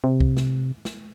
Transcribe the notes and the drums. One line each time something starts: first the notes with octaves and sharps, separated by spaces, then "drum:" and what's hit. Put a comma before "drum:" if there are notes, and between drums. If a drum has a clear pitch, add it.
C3
drum: kick C2
drum: snare
drum: snare